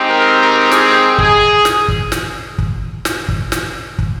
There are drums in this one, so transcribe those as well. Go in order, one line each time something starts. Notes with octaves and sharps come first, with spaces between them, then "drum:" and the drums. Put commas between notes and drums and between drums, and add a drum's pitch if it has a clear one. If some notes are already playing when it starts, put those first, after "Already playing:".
Already playing: G#3 C4 D#4 G4
A#4
A#4
G#4, drum: snare
G#4, drum: kick
drum: snare
drum: kick
drum: snare
drum: kick
drum: snare
drum: kick
drum: snare
drum: kick